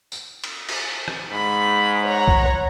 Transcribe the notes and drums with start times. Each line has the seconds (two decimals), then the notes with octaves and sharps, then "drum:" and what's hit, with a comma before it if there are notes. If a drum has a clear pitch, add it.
0.12 drum: tambourine
0.44 drum: cymbal
0.69 drum: cymbal
1.08 drum: rim click
1.32 G#2 B5
2.07 C#5 F#5 A#5
2.28 drum: kick C2